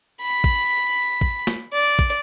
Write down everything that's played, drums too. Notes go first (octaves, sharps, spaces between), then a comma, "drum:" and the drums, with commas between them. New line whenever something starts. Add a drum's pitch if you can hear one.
B5
drum: kick
drum: kick
drum: snare
D5
drum: kick